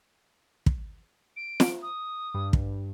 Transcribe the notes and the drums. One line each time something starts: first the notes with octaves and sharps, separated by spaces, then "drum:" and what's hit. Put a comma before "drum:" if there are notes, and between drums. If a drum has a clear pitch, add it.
drum: kick
D7
drum: snare
D#6
G2
drum: kick